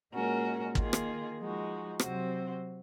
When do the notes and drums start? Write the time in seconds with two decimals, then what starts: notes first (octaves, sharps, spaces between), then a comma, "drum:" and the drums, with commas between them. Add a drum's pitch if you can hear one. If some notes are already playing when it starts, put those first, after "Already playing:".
0.13 A#2 G#3 C#4 F#4 A#4
0.75 D#3 A#3 F4 G#4, drum: kick
0.93 drum: rim click
1.38 F3 G#3 D#4 F#4
1.99 C3 F#3 C4 F#4 C5, drum: rim click